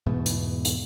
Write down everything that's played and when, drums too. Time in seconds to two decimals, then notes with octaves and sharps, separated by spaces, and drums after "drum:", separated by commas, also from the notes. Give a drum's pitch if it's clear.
0.06 E2 G#2 B2 A3
0.26 drum: hi-hat
0.65 drum: hi-hat